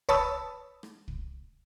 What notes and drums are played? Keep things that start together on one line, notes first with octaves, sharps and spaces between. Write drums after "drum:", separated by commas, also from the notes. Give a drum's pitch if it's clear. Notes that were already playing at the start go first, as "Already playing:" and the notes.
B4 C#5 A5 B5 D#6 E6, drum: kick
drum: rim click
drum: kick